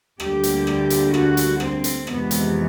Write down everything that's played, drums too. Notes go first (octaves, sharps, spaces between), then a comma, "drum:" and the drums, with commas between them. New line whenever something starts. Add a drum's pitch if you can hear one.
D2 D3 G3 A#3 G4, drum: rim click
drum: hi-hat
drum: rim click
drum: hi-hat
F#4, drum: rim click
drum: hi-hat
C4, drum: rim click
drum: hi-hat
F2 C3 E3 G#3 B3, drum: rim click
drum: hi-hat